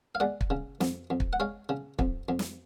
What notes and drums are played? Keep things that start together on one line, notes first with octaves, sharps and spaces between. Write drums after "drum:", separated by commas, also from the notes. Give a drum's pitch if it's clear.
F5
G#3 D5 F#5
drum: kick
C#3
F2, drum: snare
F2
drum: kick
F#5
G#3 C#5 F5
C#3
F2, drum: kick
F2
drum: snare